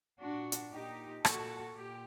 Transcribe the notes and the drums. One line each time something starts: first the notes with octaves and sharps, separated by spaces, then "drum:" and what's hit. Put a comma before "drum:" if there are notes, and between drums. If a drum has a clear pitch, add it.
A#2 D4 F#4
drum: hi-hat
A#2 D#4 G4
A#2 F#4 A4, drum: rim click
A#2 G4